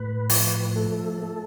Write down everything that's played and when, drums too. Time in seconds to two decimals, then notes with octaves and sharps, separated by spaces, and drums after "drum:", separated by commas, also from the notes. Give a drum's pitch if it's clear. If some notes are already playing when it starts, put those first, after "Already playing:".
Already playing: A2 B4
0.30 F3, drum: open hi-hat
0.75 A3 A4
1.22 A3